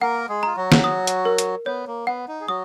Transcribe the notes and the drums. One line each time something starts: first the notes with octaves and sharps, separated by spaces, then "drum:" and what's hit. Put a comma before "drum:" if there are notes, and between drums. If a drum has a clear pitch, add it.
A#3 A#4 F#5
G#3 G#4
F4 A#5
F#3 F#4
drum: snare
D#6
drum: hi-hat
A#4
drum: hi-hat
B3 C#5
A#3
B3 F#5
D#4
G#4
F#3 F#4 D#6